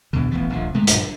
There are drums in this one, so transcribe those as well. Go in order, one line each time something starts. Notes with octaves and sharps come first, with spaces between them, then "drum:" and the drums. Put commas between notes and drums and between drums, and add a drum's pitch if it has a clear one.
E2 B2 D3
D1 A1 E3 B3
D1 A#1 F3
C3 G#3 A3
A#1 G2, drum: hi-hat
D3